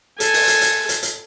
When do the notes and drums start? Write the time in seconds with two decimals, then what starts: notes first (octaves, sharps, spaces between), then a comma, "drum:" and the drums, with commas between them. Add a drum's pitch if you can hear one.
0.20 A4 G#5, drum: hi-hat
0.34 drum: open hi-hat
0.48 drum: hi-hat
0.61 drum: hi-hat
0.89 drum: hi-hat
1.03 drum: hi-hat